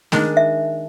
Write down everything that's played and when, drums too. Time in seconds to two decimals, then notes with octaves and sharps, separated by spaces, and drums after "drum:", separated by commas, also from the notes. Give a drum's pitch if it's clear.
0.12 D#3 G#3 D4, drum: snare A3
0.37 E5